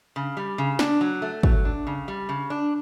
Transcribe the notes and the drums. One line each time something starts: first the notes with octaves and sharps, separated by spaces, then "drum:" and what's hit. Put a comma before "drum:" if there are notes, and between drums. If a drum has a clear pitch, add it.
C#3
G3
C#3
D4, drum: snare
F#3
A3
F#3, drum: kick
D4
C#3
G3
C#3
D4